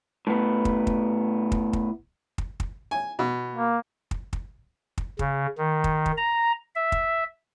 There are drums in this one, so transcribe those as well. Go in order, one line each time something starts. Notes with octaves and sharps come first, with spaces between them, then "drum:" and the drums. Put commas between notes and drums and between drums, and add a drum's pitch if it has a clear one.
A2 B3
drum: kick
drum: kick
drum: kick
drum: kick
drum: kick
drum: kick
G#5
B2
A#3
drum: kick
drum: kick
drum: kick
C#3, drum: kick
D#3
drum: kick
drum: kick
A#5
E5
drum: kick